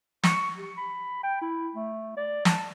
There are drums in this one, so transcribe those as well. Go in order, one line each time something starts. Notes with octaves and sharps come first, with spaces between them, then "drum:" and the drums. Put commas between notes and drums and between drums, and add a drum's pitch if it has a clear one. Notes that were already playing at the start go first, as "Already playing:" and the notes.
C#6, drum: snare
G4
B5
G5
E4
A3
D5
A5, drum: snare